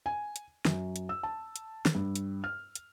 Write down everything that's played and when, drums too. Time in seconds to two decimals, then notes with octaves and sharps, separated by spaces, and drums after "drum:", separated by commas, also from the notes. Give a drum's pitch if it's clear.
0.06 G#5
0.36 drum: hi-hat
0.65 F#2, drum: snare
0.96 drum: hi-hat
1.09 E6
1.23 A5
1.56 drum: hi-hat
1.86 drum: snare
1.95 G2
2.16 drum: hi-hat
2.44 F6
2.75 drum: hi-hat